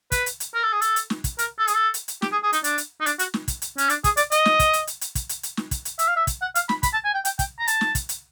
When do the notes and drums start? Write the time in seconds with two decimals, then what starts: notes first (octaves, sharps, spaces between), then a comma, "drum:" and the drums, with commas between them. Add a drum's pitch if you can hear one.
0.12 B4, drum: kick, hi-hat
0.26 drum: hi-hat
0.40 drum: hi-hat
0.55 A#4
0.63 A4
0.73 G#4
0.82 A4, drum: hi-hat
0.96 drum: hi-hat
1.10 drum: snare
1.24 drum: kick, hi-hat
1.39 A#4, drum: hi-hat
1.59 A4
1.68 G#4, drum: hi-hat
1.75 A4
1.94 drum: hi-hat
2.08 drum: hi-hat
2.22 G4, drum: snare
2.32 G#4
2.43 G#4
2.53 D#4, drum: hi-hat
2.64 D4, drum: hi-hat
2.78 drum: hi-hat
3.01 D#4
3.06 D4, drum: hi-hat
3.19 F#4, drum: hi-hat
3.34 drum: snare
3.48 drum: kick, hi-hat
3.62 drum: hi-hat
3.78 C#4, drum: hi-hat
3.89 D4, drum: hi-hat
4.04 G#4, drum: kick, hi-hat
4.17 D5, drum: hi-hat
4.32 D#5, drum: hi-hat
4.45 drum: snare
4.59 drum: kick, hi-hat
4.73 drum: hi-hat
4.87 drum: hi-hat
5.01 drum: hi-hat
5.15 drum: kick, hi-hat
5.29 drum: hi-hat
5.43 drum: hi-hat
5.57 drum: snare
5.71 drum: kick, hi-hat
5.85 drum: hi-hat
5.99 E5, drum: hi-hat
6.08 F5
6.17 E5
6.27 drum: kick, hi-hat
6.42 F#5
6.55 F5, drum: hi-hat
6.69 B5, drum: snare
6.83 B5, drum: kick, hi-hat
6.93 A5
7.04 G#5
7.14 G5
7.25 G5, drum: hi-hat
7.39 G5, drum: kick, hi-hat
7.59 A#5
7.68 A5, drum: hi-hat
7.81 drum: snare
7.95 drum: kick, hi-hat
8.09 drum: hi-hat